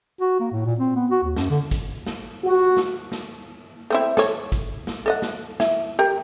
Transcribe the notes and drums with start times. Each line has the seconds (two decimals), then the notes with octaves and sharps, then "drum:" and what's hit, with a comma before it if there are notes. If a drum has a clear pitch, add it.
0.21 F#4
0.40 A#3
0.52 A2
0.66 A#2
0.79 C4
0.96 B3
1.11 F#4
1.23 D#2
1.36 F#2, drum: snare
1.50 D3
1.71 drum: kick, hi-hat
2.06 drum: snare
2.45 F#4
2.77 drum: snare
3.12 drum: snare
3.90 A3 C4 E4
4.17 A4 C#5, drum: snare
4.52 drum: kick, hi-hat
4.87 drum: snare
5.06 A4 D#5 F#5
5.22 drum: snare
5.60 E4, drum: snare
5.99 G4 A#4